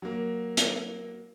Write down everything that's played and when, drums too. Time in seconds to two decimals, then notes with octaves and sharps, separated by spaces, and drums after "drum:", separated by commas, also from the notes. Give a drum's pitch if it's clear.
0.02 F#3 A#3
0.57 drum: hi-hat